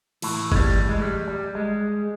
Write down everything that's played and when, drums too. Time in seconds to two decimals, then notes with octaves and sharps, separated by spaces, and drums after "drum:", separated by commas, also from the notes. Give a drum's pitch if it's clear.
0.22 A2 E3, drum: cymbal
0.52 G#3, drum: kick F#1
0.56 G3
0.89 G#3
1.02 G3
1.28 G3
1.55 G#3